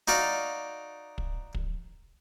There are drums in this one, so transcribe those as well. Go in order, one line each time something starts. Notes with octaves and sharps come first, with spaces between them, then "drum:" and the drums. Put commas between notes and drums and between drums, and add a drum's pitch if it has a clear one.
D#4 F#4 D5 F5
drum: kick
drum: kick